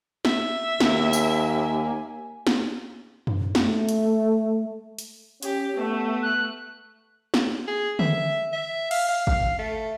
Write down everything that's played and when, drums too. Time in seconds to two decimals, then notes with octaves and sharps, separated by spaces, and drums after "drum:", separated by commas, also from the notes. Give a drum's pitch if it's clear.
0.25 E5, drum: snare
0.80 D#2 A#3, drum: snare
1.13 G#5, drum: tambourine
2.47 drum: snare
3.27 drum: tom F#2
3.55 A3, drum: snare
3.89 drum: hi-hat
4.99 drum: hi-hat
5.43 C#4 G4, drum: hi-hat
5.76 A3 B3
6.22 F#6
7.34 drum: snare
7.68 G#4
7.99 E5, drum: tom D3
8.53 E5
8.91 F5, drum: cymbal
9.09 F5
9.27 F5, drum: kick
9.59 A3